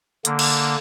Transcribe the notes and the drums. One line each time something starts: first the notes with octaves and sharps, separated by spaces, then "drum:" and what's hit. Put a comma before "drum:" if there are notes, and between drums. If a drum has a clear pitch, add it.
D3 A#3, drum: hi-hat
drum: cymbal